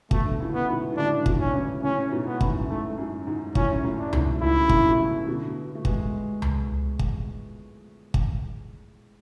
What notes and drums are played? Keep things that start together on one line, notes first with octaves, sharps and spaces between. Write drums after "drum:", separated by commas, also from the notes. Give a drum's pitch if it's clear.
B2 D3 A3, drum: kick
A2 C#3
B3
G#2 B2
D3
A2 C#3 D4
B2 D3, drum: kick
C#4
A2 C#3
A2 C#3 C#4
G#2 B2
B3
F#2 A2, drum: kick
G#2 A3
F#2
G#2
F#2 A2 C#4, drum: kick
F#2 A2
D4
G#2 B2, drum: tom C#2
A2 C#3 E4
D3
A2 C#3, drum: kick
B2
A2 C#3
B2 D3
A3
G#3 B3, drum: kick
drum: tom C#2
drum: kick
drum: kick